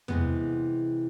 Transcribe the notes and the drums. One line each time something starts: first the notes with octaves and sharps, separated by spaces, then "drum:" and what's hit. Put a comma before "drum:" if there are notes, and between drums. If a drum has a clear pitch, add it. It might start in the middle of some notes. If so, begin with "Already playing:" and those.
C3 E3 G#3 B3, drum: tom E2